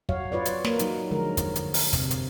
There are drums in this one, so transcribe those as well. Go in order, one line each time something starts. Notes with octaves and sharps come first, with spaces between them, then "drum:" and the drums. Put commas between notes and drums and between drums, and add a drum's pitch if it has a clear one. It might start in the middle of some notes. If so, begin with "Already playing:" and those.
F#3 F#4 C#5 F5, drum: kick
F4 B4 C#5 D5
drum: hi-hat
A#3, drum: snare
F#3 D#4, drum: hi-hat
D3 F3 F#3 G#3 A#4
drum: kick, hi-hat
drum: hi-hat
drum: open hi-hat
C3, drum: kick, hi-hat
drum: hi-hat